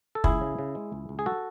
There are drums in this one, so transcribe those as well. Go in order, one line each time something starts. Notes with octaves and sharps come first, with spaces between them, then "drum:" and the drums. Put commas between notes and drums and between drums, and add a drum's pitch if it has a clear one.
A4
C#2 E4 G#4, drum: kick
C#3
C#3
G#3
C#2
C#2
G#4
F#4 A4